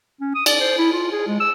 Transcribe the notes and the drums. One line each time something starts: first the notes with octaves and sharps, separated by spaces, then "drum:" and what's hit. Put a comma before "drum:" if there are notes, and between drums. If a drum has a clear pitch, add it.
C#4
D#6
D5, drum: cymbal
C5
E4
F4
G#4
G#3
E6